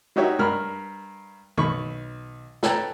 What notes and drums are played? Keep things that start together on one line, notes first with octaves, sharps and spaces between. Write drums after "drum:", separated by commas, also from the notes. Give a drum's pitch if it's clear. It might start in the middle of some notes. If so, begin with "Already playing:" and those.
F#3 D#4 F#4 G4 C#5 E5
G2 A#4 B5 F6
B1 B5 C#6, drum: tom D#3
A4 B4 C#5 G5 A5 A#5, drum: snare